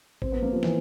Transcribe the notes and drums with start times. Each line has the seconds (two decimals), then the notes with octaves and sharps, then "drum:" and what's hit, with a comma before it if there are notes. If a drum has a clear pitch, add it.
0.22 C4, drum: kick G#1
0.32 B3
0.42 A#3
0.53 F3
0.63 E3, drum: snare